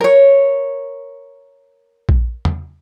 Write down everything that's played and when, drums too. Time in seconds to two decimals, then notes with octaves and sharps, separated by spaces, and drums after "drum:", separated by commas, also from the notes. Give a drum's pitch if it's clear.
0.01 A#4 C#5
2.09 drum: kick A#1
2.45 drum: tom